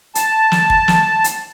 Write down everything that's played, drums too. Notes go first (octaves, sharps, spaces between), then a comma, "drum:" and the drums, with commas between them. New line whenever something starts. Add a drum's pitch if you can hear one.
A5, drum: hi-hat
drum: snare
drum: kick
drum: snare
drum: hi-hat